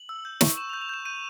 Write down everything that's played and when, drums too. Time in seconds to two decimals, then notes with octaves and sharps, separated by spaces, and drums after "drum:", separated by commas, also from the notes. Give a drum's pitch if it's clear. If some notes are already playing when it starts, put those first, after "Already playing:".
Already playing: F#7
0.09 E6
0.25 G6
0.41 C#6, drum: snare
0.57 C#6 E7
0.69 F7
0.73 G6
0.82 F7
0.89 G6 E7
1.05 G6 D#7